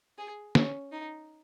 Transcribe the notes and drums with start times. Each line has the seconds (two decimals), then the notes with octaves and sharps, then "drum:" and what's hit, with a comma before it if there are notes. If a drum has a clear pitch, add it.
0.18 G#4
0.55 C#4, drum: snare
0.92 D#4